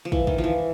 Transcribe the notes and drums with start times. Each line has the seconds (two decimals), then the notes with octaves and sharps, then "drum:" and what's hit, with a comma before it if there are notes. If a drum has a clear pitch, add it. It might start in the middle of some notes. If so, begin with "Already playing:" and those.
0.05 F3
0.12 E3, drum: kick
0.27 D#3, drum: kick
0.38 F3
0.44 E3